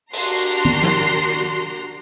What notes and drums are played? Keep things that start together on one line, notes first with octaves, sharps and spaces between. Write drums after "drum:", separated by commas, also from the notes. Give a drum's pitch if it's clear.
D4 F#4 G4 A#4 A#5 C6, drum: open hi-hat
drum: tom
drum: snare